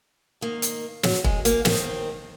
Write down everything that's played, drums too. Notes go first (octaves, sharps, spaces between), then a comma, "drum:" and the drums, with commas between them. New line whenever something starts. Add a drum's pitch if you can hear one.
G#2 D#3 A#3
drum: hi-hat
F#3, drum: snare
G#3, drum: kick E1
A#3, drum: hi-hat
D#2 D#3 C4, drum: snare